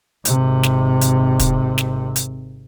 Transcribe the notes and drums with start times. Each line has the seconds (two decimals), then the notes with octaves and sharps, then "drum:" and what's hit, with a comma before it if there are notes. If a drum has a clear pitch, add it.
0.25 G#1 C3, drum: hi-hat
0.63 drum: snare
1.01 drum: hi-hat
1.40 drum: kick, hi-hat
1.78 drum: snare
2.16 drum: hi-hat